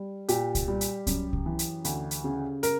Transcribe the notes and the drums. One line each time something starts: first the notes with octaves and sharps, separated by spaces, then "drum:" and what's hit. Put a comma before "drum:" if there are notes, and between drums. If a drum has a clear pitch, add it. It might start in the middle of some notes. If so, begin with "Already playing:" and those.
Already playing: G3
A#2 G4, drum: hi-hat
drum: kick C2, hi-hat
G3
drum: hi-hat
F#2, drum: kick C2, hi-hat
drum: kick C2
E3
drum: hi-hat
D2, drum: hi-hat
drum: hi-hat
C#3
A#4, drum: hi-hat